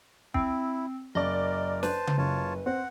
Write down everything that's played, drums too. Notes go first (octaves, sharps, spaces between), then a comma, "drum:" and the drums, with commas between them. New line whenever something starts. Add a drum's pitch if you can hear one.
C4 E4, drum: kick
F#1 A#4 D5 D#5
B4 C5 A5, drum: snare
drum: tom C#3
F#1 F4 C#5 A5
C4 F#5